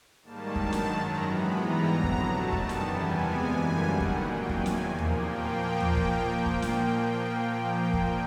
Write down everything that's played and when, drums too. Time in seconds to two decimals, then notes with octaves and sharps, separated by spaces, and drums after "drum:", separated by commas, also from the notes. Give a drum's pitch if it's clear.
0.23 G#2 D#3 G3 A#3 A5
0.56 G2 D#3 F#3, drum: kick
0.73 drum: snare
0.88 F#2 D#3 F#3 A#5
1.21 C3 E3 G#3 B3 B5
1.54 G#2 E3 G3 B3 A#5
1.88 F2 D3 F#3
2.04 drum: kick
2.20 B2 F#3 A3 A5
2.52 F#2 D#3 G3 B3 A5, drum: kick
2.69 drum: snare
2.86 E2 C3 E3 G3 B3 G#5
3.18 C3 E3 G#3 B3 G#5
3.51 F#2 D3 G3 A#3
3.84 F#2 D#3 G3 F#5
4.00 drum: kick
4.17 A#2 F#3 A#3 G5
4.49 E2 C3 D#3 G#5, drum: kick
4.66 drum: snare
4.82 A#2 F3 A#3
4.98 drum: tom D#2
5.14 A#2 F3 A#3 G5
5.80 drum: tom D#2
5.97 drum: kick
6.46 drum: kick
6.62 drum: snare
7.93 drum: kick